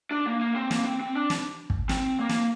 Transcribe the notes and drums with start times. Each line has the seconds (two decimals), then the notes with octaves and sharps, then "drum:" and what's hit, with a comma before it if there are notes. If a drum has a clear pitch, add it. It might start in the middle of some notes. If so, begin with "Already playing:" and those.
0.11 D4
0.26 A#3
0.40 A#3
0.55 C4
0.71 A#3, drum: snare
0.85 C4
1.00 C4
1.15 D4
1.30 drum: snare
1.70 drum: kick
1.89 C4, drum: snare
2.20 A#3
2.29 drum: snare